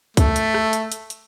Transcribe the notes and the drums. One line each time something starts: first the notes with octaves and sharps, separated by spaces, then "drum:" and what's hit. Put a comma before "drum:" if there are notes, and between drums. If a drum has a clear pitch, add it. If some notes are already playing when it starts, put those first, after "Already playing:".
A3, drum: kick, hi-hat
drum: hi-hat
drum: rim click
drum: hi-hat
drum: hi-hat
drum: hi-hat